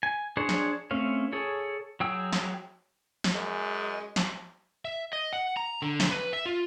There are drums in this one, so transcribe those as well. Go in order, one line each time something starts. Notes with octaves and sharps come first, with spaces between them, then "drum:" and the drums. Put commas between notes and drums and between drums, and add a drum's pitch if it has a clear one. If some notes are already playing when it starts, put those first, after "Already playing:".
G#5
D4 G#4 C5 C#5
drum: snare
A3 C4 C#4 F5
G#4 A4 C#5
F#3 G#4 G5 E6
drum: snare
drum: snare
F#2 G#3
drum: snare
E5
D#5
F#5
A#5
D3
drum: snare
B4
E5
F4